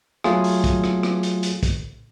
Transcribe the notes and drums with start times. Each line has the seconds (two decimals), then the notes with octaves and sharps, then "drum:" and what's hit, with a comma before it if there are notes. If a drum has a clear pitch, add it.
0.24 F#3 A3 F4 G#4, drum: rim click
0.44 drum: open hi-hat
0.64 drum: kick, hi-hat
0.84 drum: rim click
1.03 drum: rim click
1.23 drum: hi-hat
1.43 drum: hi-hat
1.63 drum: kick, hi-hat